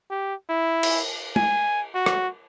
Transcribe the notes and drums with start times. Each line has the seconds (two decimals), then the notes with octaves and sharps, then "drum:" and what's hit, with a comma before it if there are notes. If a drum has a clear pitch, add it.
0.11 G4
0.49 E4
0.83 drum: cymbal
1.36 G#5, drum: tom
1.94 F#4
2.06 drum: rim click